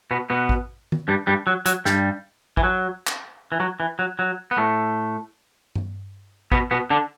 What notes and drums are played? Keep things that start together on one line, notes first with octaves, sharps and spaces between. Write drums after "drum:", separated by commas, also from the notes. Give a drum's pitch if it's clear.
B2 B3
B2 B3
drum: kick A1
drum: tom
G2 G3
G2 G3
F#3
F#3, drum: hi-hat
G2 G3, drum: snare
E3, drum: kick A1
F#3
drum: clap
E3
F#3
E3
F#3
F#3
B3
A2 A3
drum: tom G2
B2 B3, drum: kick A1
B2 B3
D3 D4